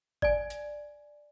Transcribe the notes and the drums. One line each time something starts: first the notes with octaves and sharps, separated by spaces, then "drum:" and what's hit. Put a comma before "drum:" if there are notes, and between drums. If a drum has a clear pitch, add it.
D5 G#5, drum: kick G1
drum: hi-hat